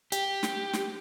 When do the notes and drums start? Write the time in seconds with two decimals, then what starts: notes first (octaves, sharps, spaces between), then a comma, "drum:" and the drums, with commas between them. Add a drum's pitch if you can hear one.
0.12 G4, drum: hi-hat
0.43 drum: snare
0.73 drum: snare